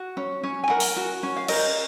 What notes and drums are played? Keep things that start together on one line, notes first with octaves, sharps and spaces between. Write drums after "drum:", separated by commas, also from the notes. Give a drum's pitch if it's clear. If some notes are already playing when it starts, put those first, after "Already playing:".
Already playing: F#4
C#4
C#4
G#5
A#4 F#5
drum: open hi-hat
F#4
C#4
F5
A#4 D#5, drum: cymbal